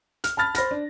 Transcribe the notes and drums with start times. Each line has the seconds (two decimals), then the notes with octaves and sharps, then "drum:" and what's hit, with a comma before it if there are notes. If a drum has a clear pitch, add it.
0.24 F6, drum: hi-hat
0.37 A5 B5 F6 A6
0.55 C5 B5 F6 A#6, drum: hi-hat
0.71 D4